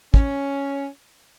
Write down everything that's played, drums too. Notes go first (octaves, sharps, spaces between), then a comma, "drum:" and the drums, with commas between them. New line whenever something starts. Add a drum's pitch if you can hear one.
C#4, drum: kick